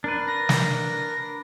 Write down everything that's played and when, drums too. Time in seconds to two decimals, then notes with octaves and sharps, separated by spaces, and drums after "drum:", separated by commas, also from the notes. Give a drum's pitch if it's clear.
0.04 D4 A#4 B4
0.27 A#6
0.49 drum: snare